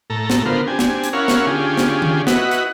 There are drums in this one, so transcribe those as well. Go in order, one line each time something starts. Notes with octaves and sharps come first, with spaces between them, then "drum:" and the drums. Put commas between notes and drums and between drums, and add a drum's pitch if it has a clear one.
A2 A4 A#5
drum: snare
D3 B3 F4 A#4 C5
C4 D4 G4 G#5
drum: snare
drum: hi-hat
C#4 E4 A#4 C#5 F5 F#5
drum: snare
D3 C#4 F4 G4 G#4
drum: snare
drum: tom D#3
E4 F#4 B4 D#5 F#5, drum: snare
drum: hi-hat